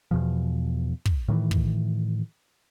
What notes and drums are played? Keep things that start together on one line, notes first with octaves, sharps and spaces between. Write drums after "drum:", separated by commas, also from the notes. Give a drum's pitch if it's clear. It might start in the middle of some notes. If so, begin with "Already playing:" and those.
E2 B2 F3
drum: kick
A2 D#3 E3
drum: kick